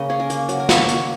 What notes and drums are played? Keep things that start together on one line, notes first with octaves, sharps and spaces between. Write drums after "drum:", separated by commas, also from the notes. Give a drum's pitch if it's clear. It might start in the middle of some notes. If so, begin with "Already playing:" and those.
Already playing: C#3 A#3 D#5
C#4 G#4
A#4
A#3, drum: hi-hat
F#3, drum: hi-hat
A#4
A#3 C#5, drum: snare
D#5
A#3 F#5, drum: hi-hat